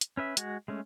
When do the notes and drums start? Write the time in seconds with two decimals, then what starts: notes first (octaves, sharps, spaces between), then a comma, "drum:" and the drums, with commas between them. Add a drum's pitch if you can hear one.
0.01 drum: hi-hat
0.17 C#4 B4 E5
0.37 G#3 F#4, drum: hi-hat
0.68 G#3 A3 C#4